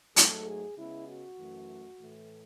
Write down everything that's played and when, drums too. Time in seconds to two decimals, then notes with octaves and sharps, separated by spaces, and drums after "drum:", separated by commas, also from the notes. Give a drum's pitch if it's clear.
0.16 G#2 F#3 A3 A4, drum: hi-hat
0.47 G#4
0.78 C#3 G#3 B3 E4
1.08 F#4
1.38 F#2 E3 A3
1.99 A2 E3 A3